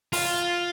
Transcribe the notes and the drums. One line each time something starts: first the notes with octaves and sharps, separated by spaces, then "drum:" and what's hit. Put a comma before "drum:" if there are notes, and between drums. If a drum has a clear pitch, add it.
F4, drum: open hi-hat